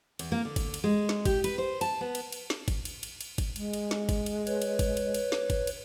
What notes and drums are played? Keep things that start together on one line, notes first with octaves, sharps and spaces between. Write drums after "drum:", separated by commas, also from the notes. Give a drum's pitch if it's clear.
E2, drum: cymbal
A#3
D3
drum: kick, cymbal
drum: cymbal
G#3
drum: snare
G4, drum: kick, cymbal
B4, drum: cymbal
C5
A5, drum: cymbal
B3
drum: cymbal
drum: cymbal
drum: snare
drum: kick, cymbal
drum: cymbal
drum: cymbal
drum: cymbal
drum: kick, cymbal
G#3, drum: cymbal
drum: cymbal
drum: snare
drum: kick, cymbal
drum: cymbal
B4 C#5, drum: cymbal
drum: cymbal
drum: kick, cymbal
drum: cymbal
drum: cymbal
drum: snare
drum: kick, cymbal
drum: cymbal